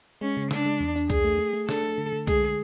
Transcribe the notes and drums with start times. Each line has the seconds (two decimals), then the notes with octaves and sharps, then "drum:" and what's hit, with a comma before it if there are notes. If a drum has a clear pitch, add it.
0.21 G#3 C#4
0.37 C#3
0.51 C#3 D4, drum: snare
0.66 G#3
0.80 E2
0.96 D4
1.10 D4 G#4, drum: kick B1, hi-hat
1.24 A3
1.39 A3
1.53 A3
1.69 D4 A4, drum: snare
1.83 A3
1.98 D3
2.13 D3
2.27 G#3 G#4, drum: kick B1, hi-hat
2.43 G#3